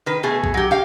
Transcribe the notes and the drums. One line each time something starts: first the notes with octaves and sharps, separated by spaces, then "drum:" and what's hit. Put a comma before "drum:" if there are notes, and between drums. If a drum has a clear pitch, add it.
D#3 B4
B2 A3 G#4
drum: kick A#1
F#3 G4
G4 F5